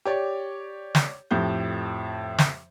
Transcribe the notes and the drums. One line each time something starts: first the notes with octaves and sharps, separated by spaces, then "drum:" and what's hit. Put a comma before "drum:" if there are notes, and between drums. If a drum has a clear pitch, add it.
G4 C#5 D5
drum: snare
F2 A2 G4 G6
drum: snare